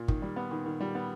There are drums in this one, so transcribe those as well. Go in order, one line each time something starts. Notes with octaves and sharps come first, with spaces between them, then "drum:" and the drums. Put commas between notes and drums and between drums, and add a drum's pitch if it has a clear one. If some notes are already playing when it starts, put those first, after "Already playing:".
Already playing: A#2
D#3, drum: kick
G3
B3
D#3
D#3
G3
B3